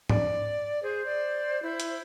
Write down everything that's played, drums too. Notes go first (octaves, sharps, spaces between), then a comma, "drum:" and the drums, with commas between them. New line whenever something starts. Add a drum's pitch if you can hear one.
D5, drum: tom G#2
G#4 C5
D5
E4
drum: hi-hat